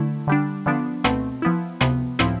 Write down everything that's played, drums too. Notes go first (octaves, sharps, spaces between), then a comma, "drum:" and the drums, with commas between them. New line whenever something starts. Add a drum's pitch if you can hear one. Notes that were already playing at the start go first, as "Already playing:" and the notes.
Already playing: D3 A3 E4
D3 G3 D4
D3 F3 B3 D4
B2 A3 C4, drum: rim click
F3 B3 E4
C3 F3 B3, drum: rim click
A2 F3 C4 E4, drum: rim click